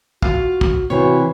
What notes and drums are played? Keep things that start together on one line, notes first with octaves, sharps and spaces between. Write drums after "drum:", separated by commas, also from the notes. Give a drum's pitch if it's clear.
F4 F#4 F5, drum: kick
drum: kick
C3 E3 F#4 C#5